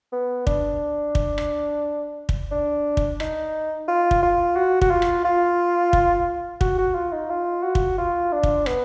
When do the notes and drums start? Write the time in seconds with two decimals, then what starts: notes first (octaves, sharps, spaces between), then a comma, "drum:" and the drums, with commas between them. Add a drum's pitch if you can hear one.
0.12 B3
0.47 D4, drum: kick
1.15 drum: kick
1.38 drum: rim click
2.29 drum: kick
2.51 D4
2.97 drum: kick
3.20 D#4, drum: rim click
3.88 F4
4.11 drum: kick
4.23 F4
4.56 F#4
4.81 F#4, drum: kick
4.90 F4
5.02 drum: rim click
5.25 F4
5.93 drum: kick
6.61 F#4, drum: kick
6.78 F#4
6.95 F4
7.13 D#4
7.30 F4
7.63 F#4
7.75 drum: kick
7.98 F4
8.32 D4
8.43 drum: kick
8.66 B3, drum: rim click